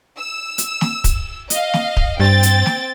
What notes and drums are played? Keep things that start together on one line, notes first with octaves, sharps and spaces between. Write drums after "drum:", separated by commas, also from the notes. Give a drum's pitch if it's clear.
E6
drum: hi-hat
drum: snare
drum: kick, hi-hat
D#5 F5, drum: hi-hat
drum: snare
drum: kick
G2 C4 G5 A6
drum: hi-hat
drum: snare